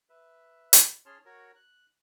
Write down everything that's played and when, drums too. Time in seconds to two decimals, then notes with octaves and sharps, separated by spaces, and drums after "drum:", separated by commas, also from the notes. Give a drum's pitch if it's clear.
0.10 B4 E5
0.73 drum: hi-hat
1.06 C#4 G#4 C#5 A5 C6 F6
1.25 F#4 A#4 C#5
1.56 F#6